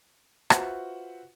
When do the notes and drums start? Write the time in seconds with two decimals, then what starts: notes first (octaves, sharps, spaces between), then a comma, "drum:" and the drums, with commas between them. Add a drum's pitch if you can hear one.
0.50 F4 F#4 B4 C5 E5 F#5, drum: rim click